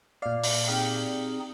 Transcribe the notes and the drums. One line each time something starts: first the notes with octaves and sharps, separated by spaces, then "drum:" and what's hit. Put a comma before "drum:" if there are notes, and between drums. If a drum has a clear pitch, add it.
A#2 D5 F5
drum: open hi-hat
C4 D#4 G4 G#4 F5